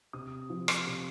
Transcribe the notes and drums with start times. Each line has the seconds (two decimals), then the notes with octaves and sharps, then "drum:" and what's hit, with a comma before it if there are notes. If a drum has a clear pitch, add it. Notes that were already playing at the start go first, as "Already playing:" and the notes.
0.13 C3 D#6
0.50 F3
0.68 drum: rim click
0.87 C3